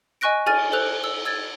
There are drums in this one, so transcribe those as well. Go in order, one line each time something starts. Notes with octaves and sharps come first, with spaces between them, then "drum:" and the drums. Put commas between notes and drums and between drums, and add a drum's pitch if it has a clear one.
D#5 G#5 C#6 F#6 A#6 D7
G#4 G#5 F6 A6 D#7, drum: cymbal
G4 A4 C5 E6 F#6 F7
E6
E6 G#6 A6